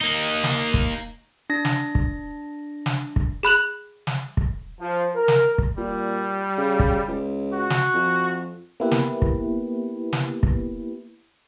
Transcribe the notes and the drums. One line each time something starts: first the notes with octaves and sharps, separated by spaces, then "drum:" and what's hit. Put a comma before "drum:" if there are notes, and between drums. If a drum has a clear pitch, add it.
A#3 D#4
drum: snare
drum: kick
D4 A#6
drum: snare
drum: kick
drum: snare
drum: kick
G#4 B5 F#6 F#7
drum: snare
drum: kick
F3
A#4
drum: snare
drum: kick
A#2 G3
C#3
drum: kick
C#2
F#4
drum: snare
F2
A#3 B3 E4 G4 B4
drum: snare
drum: kick
drum: snare
drum: kick